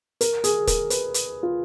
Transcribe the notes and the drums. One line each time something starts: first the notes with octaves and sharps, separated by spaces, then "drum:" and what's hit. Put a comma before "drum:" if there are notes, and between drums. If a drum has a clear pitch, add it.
A#4, drum: hi-hat
G#4, drum: hi-hat
A#4, drum: kick, hi-hat
B4, drum: hi-hat
drum: hi-hat
F4